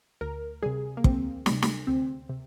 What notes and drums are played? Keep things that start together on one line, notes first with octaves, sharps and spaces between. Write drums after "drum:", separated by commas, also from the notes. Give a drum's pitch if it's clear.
D2 A#4
C3 G3 G#4
A#3
D2 C4, drum: kick
C3 G3, drum: snare
drum: snare
D2 C4
C3